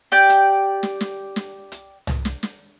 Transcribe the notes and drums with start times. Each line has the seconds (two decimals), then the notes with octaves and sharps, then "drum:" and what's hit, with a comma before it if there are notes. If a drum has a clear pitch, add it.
0.12 G4 D5 G5
0.29 drum: hi-hat
0.83 drum: snare
1.01 drum: snare
1.36 drum: snare
1.72 drum: hi-hat
2.07 drum: tom
2.25 drum: snare
2.43 drum: snare